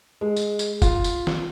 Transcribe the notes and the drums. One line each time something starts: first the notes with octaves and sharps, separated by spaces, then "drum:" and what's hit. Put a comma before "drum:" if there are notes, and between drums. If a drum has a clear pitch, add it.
G#3
drum: tambourine
drum: tambourine
F4, drum: kick, tambourine
drum: tambourine
drum: snare